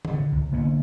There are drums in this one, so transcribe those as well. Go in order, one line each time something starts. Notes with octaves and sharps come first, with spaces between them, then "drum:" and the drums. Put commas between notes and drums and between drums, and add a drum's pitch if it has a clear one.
drum: tom D3
D3
C#2
D3 A#3 B3